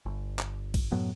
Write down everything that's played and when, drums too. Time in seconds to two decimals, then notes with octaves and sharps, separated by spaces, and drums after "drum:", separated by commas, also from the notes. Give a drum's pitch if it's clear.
0.06 G1
0.39 drum: clap
0.74 drum: kick A#1, cymbal
0.92 F#2 A2 F#3 B3